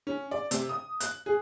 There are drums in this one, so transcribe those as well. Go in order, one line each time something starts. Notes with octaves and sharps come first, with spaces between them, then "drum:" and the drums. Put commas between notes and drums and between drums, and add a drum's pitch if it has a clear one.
C#4
D5
C3, drum: hi-hat
D#6
F#6, drum: hi-hat
G#4